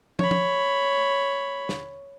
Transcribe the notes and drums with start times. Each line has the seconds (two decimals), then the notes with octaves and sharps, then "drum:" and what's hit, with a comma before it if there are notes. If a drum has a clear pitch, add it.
0.19 C#5 B5, drum: tom
0.31 drum: tom
1.69 drum: snare